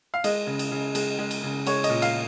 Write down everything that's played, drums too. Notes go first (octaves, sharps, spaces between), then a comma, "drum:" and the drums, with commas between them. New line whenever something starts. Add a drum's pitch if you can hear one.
F5
G#3 D#5, drum: cymbal
C#3
drum: cymbal
C#3
G#3, drum: cymbal
G#3
drum: cymbal
C#3
G#3 C#5, drum: cymbal
D#5, drum: cymbal
A#2
F5, drum: cymbal